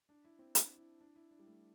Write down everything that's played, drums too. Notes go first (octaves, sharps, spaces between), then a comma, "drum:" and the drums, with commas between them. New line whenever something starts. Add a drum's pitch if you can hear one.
D4
E4
C4
D4, drum: hi-hat
E4
D4
E4
D4
G3
A3